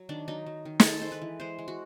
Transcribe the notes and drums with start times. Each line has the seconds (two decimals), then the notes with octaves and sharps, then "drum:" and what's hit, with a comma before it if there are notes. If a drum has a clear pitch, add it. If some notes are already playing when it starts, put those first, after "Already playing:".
Already playing: F#3
0.09 D#3 D4
0.28 F#3 D#4
0.46 F#3
0.65 D#3
0.80 G#3 G#4 A4, drum: snare
1.02 G#3 C5
1.12 B4
1.22 E3
1.40 G#3 C5
1.59 G#3
1.68 F#4